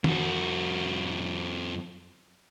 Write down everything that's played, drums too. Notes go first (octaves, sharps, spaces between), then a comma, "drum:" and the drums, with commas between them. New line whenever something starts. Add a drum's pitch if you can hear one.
F2 F#4, drum: tom D#3